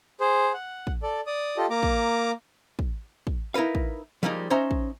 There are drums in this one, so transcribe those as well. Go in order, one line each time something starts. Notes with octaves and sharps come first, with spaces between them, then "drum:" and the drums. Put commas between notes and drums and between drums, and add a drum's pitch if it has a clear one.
G#4 C5
F#5
drum: kick
A4 D5
D5 D#6
F4 G4 A4 D#5
A#3 A#5 D6
drum: kick
drum: kick
drum: kick
D#4 E4 A#4 B4 F5
drum: kick
F3 G3 G#3 A#3 D4 D#4
C#4 D#4 C5 E5 A#5
drum: kick